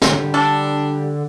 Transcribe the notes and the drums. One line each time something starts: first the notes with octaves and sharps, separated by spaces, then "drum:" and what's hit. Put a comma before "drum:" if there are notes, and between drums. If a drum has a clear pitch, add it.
D3 G3 G4, drum: snare
D4 A4